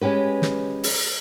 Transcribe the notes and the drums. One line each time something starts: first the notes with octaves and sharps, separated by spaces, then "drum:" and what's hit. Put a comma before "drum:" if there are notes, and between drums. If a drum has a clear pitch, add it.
G#3 C#4 G4 B4
drum: snare
drum: open hi-hat